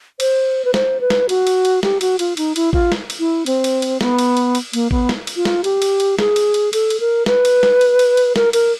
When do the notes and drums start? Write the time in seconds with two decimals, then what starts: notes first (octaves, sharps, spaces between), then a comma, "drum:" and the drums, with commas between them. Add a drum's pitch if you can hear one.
0.20 C5, drum: cymbal
0.65 B4
0.74 C5, drum: snare
1.01 B4
1.10 drum: snare
1.29 F#4, drum: cymbal
1.47 drum: cymbal
1.65 drum: cymbal
1.83 G4, drum: snare
2.01 F#4, drum: cymbal
2.19 F4, drum: cymbal
2.37 D#4, drum: cymbal
2.56 E4, drum: cymbal
2.73 F4, drum: kick A1
2.92 drum: snare
3.10 drum: cymbal
3.19 E4
3.46 C4, drum: cymbal
3.64 drum: cymbal
3.82 drum: cymbal
4.01 B3, drum: snare
4.19 drum: cymbal
4.37 drum: cymbal
4.55 drum: cymbal
4.73 A#3, drum: cymbal
4.91 B3, drum: kick A1
5.09 drum: snare
5.27 drum: cymbal
5.36 F4
5.45 drum: snare
5.64 G4, drum: cymbal
5.82 drum: cymbal
6.00 drum: cymbal
6.19 G#4, drum: snare
6.36 drum: cymbal
6.54 drum: cymbal
6.73 A4, drum: cymbal
6.90 drum: cymbal
7.00 A#4
7.26 B4, drum: snare
7.45 drum: cymbal
7.63 drum: snare
7.81 drum: cymbal
7.99 drum: cymbal
8.17 drum: cymbal
8.36 A#4, drum: snare
8.53 A#4, drum: cymbal